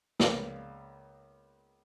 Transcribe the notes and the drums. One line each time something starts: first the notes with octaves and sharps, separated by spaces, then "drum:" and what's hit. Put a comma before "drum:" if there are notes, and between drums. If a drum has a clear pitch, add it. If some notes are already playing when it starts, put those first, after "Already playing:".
C#2 A#3 B3 D5 F5 E6, drum: snare